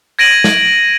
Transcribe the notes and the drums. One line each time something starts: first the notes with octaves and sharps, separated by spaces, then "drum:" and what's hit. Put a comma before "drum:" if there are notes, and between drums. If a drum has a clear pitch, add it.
G#6 A#6 D7 D#7 F#7
drum: snare